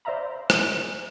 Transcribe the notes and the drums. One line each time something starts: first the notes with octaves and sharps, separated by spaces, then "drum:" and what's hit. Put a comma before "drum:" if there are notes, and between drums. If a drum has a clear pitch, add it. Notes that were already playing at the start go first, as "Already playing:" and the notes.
C5 D5 E5 F5 A#5 B5
drum: rim click